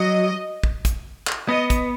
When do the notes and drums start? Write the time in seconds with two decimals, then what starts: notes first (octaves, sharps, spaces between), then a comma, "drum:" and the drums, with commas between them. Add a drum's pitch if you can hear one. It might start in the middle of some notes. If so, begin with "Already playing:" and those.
Already playing: F#3 D#5
0.64 drum: kick
0.85 drum: kick, hi-hat
1.27 drum: clap
1.49 B3 D#5
1.70 drum: kick, hi-hat